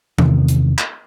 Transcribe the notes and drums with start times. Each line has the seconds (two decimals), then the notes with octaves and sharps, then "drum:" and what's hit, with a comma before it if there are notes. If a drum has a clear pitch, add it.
0.18 E2 C3 D#3, drum: tom E3
0.48 drum: hi-hat
0.78 drum: clap